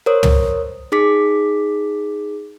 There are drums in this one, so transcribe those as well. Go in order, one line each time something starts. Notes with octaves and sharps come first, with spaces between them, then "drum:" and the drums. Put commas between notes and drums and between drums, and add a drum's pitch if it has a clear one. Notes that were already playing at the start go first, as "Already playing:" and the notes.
A#4 C5 C#5 D#6
drum: tom
D#4 G#4 D6 B6